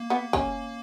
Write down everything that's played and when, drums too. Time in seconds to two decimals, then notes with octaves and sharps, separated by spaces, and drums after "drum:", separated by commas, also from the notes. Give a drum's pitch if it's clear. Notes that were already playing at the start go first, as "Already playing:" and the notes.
Already playing: A#3
0.10 B3
0.33 C#4, drum: kick F#1